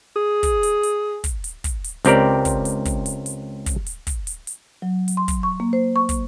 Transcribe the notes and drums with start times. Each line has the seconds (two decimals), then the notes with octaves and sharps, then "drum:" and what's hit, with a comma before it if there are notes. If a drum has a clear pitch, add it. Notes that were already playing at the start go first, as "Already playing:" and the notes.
0.16 G#4
0.43 drum: kick, hi-hat
0.63 drum: hi-hat
0.83 drum: hi-hat
1.24 drum: kick, hi-hat
1.44 drum: hi-hat
1.64 drum: kick, hi-hat
1.84 drum: hi-hat
2.05 C#2 C4 G4 A#4 D5, drum: hi-hat
2.45 drum: kick, hi-hat
2.65 drum: hi-hat
2.85 drum: kick, hi-hat
3.06 drum: hi-hat
3.26 drum: hi-hat
3.66 drum: kick, hi-hat
3.86 drum: hi-hat
4.07 drum: kick, hi-hat
4.27 drum: hi-hat
4.47 drum: hi-hat
4.82 F#3
5.08 drum: hi-hat
5.17 C6
5.28 drum: kick, hi-hat
5.43 C#6
5.60 A#3
5.73 C5
5.96 C#6
6.09 drum: kick, hi-hat